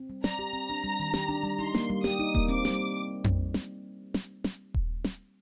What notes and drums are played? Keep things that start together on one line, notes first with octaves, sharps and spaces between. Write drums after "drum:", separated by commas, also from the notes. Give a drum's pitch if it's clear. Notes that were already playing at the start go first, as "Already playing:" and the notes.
Already playing: C4
G3
D5 A#5, drum: snare
G4
C4
D4
G3
D#3
G4, drum: snare
D4
G3
D#4 C6
A#3, drum: snare
G3
G4 D#6, drum: snare
D#4
A#3, drum: kick D#1
C4 D6
G3, drum: snare
drum: tom F2
drum: snare
drum: snare
drum: snare
drum: kick D#1
drum: snare